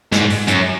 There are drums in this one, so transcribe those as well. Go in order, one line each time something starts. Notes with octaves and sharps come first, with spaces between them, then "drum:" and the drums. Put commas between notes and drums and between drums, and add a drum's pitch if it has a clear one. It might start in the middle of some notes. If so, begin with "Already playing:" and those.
G#2, drum: snare
drum: open hi-hat
F#2, drum: hi-hat